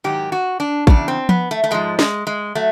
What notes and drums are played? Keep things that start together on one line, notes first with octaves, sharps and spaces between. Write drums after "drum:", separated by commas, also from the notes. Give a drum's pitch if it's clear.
G#2 D#3 F#3 G4
F#4
D4
E2 C#3 D4, drum: kick A1
C4
B3, drum: tom F3
A3
A3
G#2 F3 G#3
G#3, drum: snare
G#3
F#3 A3